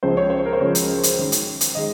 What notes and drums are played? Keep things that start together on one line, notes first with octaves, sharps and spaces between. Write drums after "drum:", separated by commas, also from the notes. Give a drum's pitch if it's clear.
C#2 C#3 F3 G#3 C5
C#5
C5
A#4
C5
C#2 C#3 F3 G#3 C#5
drum: hi-hat
drum: hi-hat
F#2 D#3 G#3
drum: hi-hat
drum: hi-hat
D#3 G#3 D#5